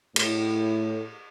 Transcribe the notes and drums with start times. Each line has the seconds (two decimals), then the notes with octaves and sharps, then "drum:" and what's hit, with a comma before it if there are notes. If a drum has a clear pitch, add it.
0.16 A2, drum: cymbal